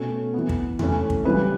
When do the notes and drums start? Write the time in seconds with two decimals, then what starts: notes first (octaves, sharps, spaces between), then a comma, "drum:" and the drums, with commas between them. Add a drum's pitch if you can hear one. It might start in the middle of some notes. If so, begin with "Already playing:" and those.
Already playing: B2 A3 C#4
0.34 E3 B3
0.49 drum: kick
0.79 E3 A3 C#4, drum: tom E2
1.10 drum: kick
1.24 C#3 E3 G3 B4